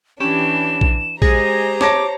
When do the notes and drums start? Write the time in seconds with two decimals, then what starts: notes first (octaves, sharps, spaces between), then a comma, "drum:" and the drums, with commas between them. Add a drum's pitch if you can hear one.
0.20 E3 C#4 D4 G4 B5 E7
0.81 drum: kick A#1
1.22 G#3 G4 G#4 C5 A#5 A#6, drum: kick A#1
1.81 C#5 A5 D6 A#6, drum: snare